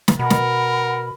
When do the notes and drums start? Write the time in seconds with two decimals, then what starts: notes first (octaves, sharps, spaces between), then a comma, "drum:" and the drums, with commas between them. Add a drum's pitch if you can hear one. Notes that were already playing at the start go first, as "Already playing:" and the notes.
0.08 drum: snare
0.19 B2 A#4 F#5 B5
0.30 drum: snare